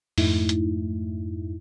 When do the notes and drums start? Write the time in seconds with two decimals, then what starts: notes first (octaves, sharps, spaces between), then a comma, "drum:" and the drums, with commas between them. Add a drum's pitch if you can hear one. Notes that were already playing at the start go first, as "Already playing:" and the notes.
0.18 F2 G#2 A3 D#4 E4, drum: open hi-hat
0.49 drum: hi-hat